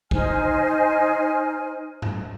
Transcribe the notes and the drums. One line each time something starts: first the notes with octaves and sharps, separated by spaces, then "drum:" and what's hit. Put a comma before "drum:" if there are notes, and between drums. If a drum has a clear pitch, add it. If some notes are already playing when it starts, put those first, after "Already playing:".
D#4 C5 G#5 F6, drum: kick
drum: tom G#2